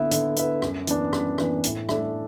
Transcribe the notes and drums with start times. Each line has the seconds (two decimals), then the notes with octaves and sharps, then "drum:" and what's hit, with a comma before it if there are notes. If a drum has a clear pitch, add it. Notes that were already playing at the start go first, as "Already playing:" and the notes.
Already playing: D3 B3 E4 B4 E5
0.11 D3, drum: hi-hat
0.36 B3 E4 B4 E5, drum: hi-hat
0.62 F#2, drum: rim click
0.87 E3 B3 D4, drum: hi-hat
1.13 F#2, drum: rim click
1.38 E3 B3 D4, drum: rim click
1.64 A2, drum: hi-hat
1.89 A3 D4 A4 E5, drum: rim click